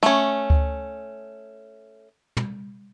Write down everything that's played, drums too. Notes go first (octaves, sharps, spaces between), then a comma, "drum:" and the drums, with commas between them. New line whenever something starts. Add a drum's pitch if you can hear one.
A3 C#4, drum: hi-hat
drum: kick D2
drum: tom